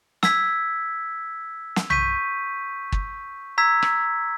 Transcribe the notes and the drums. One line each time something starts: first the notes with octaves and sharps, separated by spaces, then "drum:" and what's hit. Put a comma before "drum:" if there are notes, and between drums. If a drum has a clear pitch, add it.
E6 G#6 B6, drum: snare
drum: snare
C#6 G6 B6 D#7, drum: tom B1
drum: kick
A#5 E6 G#6 B6
drum: rim click